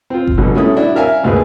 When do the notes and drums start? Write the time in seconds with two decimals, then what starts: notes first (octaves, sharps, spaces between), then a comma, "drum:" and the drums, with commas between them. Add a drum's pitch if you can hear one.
0.10 C4 F4
0.27 drum: kick G1
0.38 C#2 B2 D3 F#3
0.55 A3 C#4 E4 D#6
0.77 D4 E4 F#4
0.96 A#4 E5 F5 G#5
1.24 G#1 D2 A#3 G#4 B4